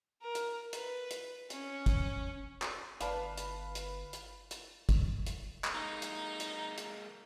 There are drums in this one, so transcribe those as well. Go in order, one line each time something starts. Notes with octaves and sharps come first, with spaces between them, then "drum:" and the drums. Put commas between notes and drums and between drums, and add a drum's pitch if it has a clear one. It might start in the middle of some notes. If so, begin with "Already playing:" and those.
A#4
drum: hi-hat
B4, drum: hi-hat
drum: hi-hat
C#4, drum: hi-hat
drum: kick, hi-hat
drum: clap
G1 B4 D5 F5 A5, drum: hi-hat
drum: hi-hat
drum: hi-hat
drum: hi-hat
drum: hi-hat
drum: kick, hi-hat
drum: hi-hat
drum: clap
G#3 A#3 D#4
drum: hi-hat
drum: hi-hat
drum: hi-hat